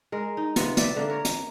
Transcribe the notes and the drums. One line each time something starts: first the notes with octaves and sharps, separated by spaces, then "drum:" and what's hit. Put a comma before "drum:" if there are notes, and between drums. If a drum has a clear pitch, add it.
G#3 A#4
D#4
C3 B3 F4, drum: hi-hat
D5 E5, drum: hi-hat
D3 A#3
A#4 C#5
drum: hi-hat